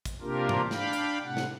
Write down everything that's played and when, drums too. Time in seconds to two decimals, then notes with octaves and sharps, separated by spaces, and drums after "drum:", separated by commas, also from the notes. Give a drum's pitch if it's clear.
0.05 drum: kick, hi-hat
0.21 C3 A#3 D4 F4 G4 A#4
0.49 drum: tom G#2
0.71 D4 F5 G5 B5, drum: snare
0.93 drum: hi-hat
1.22 A2 C3 F#5
1.37 drum: snare